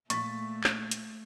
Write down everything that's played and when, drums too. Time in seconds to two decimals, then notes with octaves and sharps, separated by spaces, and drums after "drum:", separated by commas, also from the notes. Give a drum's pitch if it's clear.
0.10 A#2 A3 C#6 A6 B6, drum: hi-hat
0.64 drum: clap
0.91 drum: hi-hat